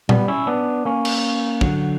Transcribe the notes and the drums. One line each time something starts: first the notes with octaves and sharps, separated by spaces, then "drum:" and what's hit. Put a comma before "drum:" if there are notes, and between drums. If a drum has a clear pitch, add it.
G3 B3, drum: tom A#2
C#4 E4
B3 D4
A#3 C#4
drum: cymbal
D3 F#3, drum: kick